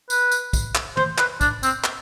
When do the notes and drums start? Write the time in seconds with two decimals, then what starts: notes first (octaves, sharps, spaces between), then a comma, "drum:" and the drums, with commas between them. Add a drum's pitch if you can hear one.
0.10 B4, drum: tambourine
0.32 drum: tambourine
0.53 drum: kick, tambourine
0.75 drum: clap
0.97 C5, drum: tom
1.18 B4, drum: clap
1.41 D4, drum: kick, tambourine
1.63 C4, drum: tambourine
1.84 drum: clap